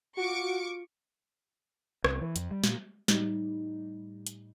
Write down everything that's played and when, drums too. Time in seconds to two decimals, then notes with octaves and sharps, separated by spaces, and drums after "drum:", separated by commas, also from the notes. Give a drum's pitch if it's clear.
0.17 F4 F#4 C#6 D6 D7
2.04 C2, drum: rim click
2.21 E3
2.36 F2, drum: hi-hat
2.51 G3
2.64 A#2, drum: snare
3.08 A2 G3 D#4, drum: snare
4.27 drum: hi-hat